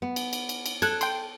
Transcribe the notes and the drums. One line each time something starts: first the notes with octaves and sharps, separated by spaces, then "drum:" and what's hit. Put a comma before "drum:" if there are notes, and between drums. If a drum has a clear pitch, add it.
B3
drum: cymbal
drum: cymbal
drum: cymbal
drum: cymbal
A4 F#6 G#6, drum: cymbal
G5 C6, drum: cymbal